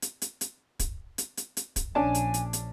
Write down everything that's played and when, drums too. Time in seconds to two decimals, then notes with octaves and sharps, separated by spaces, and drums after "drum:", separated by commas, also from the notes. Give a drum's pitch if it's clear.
0.02 drum: hi-hat
0.22 drum: hi-hat
0.41 drum: hi-hat
0.79 drum: kick, hi-hat
1.18 drum: hi-hat
1.37 drum: hi-hat
1.57 drum: hi-hat
1.76 drum: kick, hi-hat
1.95 A#1 C#4 D4 G#5 A5
2.15 drum: hi-hat
2.34 drum: hi-hat
2.53 drum: hi-hat